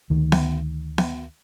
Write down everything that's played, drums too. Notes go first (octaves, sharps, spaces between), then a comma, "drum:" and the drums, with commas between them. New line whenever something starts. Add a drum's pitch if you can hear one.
D2 D#3
drum: snare B3
drum: snare B3